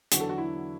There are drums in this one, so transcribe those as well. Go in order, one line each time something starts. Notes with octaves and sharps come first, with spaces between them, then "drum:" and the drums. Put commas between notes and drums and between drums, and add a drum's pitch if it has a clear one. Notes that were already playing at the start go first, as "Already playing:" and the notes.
E2 D3 F#3 F#4, drum: hi-hat
A4
F#4
E4